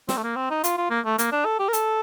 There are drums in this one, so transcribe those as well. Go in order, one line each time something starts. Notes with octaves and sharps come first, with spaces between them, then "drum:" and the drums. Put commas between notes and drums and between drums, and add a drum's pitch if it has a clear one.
C4, drum: snare
A3
A#3
C4
D#4
F4, drum: hi-hat
F4
A#3
A3
A#3, drum: hi-hat
D4
A4
G4
A#4
A4, drum: hi-hat